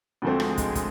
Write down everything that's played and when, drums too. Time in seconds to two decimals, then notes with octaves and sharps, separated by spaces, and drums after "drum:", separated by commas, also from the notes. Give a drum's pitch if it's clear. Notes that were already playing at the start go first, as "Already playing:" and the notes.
0.22 D2 D3 F3 G#3 A3 C4
0.40 drum: rim click
0.58 drum: kick, hi-hat
0.75 drum: kick, hi-hat